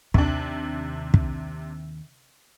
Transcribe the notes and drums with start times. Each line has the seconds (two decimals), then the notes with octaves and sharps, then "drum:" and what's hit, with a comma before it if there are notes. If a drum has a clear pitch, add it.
0.14 D#2 C3 D4, drum: kick
1.14 drum: kick